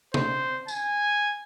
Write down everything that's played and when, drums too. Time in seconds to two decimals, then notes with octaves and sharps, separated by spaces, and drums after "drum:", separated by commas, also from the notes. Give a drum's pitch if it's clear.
0.14 C5, drum: tom C3
0.68 G#5, drum: tambourine